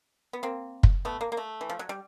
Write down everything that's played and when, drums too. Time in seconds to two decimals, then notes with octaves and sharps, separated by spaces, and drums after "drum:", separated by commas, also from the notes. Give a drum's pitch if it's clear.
0.33 B3
0.43 A#3 C4
0.83 drum: kick
1.05 A3 B3
1.21 A#3
1.32 A#3
1.37 A3
1.61 E3
1.70 F3
1.79 F#3
1.89 G3